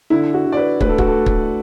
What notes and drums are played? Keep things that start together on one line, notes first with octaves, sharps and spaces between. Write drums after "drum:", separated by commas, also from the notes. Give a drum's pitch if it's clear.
D3 E4
F#4
D3
D5
B4
D2 B4, drum: kick
A4
F#4, drum: kick
A4
D2
drum: kick